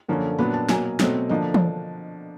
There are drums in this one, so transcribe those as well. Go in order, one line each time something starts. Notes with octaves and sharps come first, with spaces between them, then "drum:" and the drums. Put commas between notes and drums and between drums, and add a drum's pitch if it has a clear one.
F#2 D3 F3 A#3 C#4
A#2 F#3 B3 D4 B5
A5
B2 F#3 A#3 G#5, drum: snare
B2 F#3 A3 C4, drum: snare
D3 F3 A#3 D4 D#5
drum: tom E3